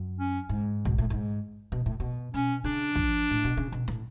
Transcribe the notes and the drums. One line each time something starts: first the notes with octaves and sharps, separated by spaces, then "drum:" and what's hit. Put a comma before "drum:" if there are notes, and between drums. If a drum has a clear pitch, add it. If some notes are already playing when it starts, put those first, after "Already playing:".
Already playing: F#2
C#4
G#2
B2, drum: kick
A2
G#2
B2
A2
B2
B2 C#4, drum: hi-hat
C#3 D4
F3, drum: kick
A2
B2
C#3
B2
A2, drum: snare